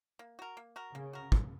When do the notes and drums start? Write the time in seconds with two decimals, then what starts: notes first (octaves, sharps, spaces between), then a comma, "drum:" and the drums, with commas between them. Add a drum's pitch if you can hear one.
0.19 A#3
0.39 F#4 A#4
0.57 A#3
0.76 F#4 A#4
0.95 C#3 A#3
1.13 F#4 A#4
1.32 A#3, drum: kick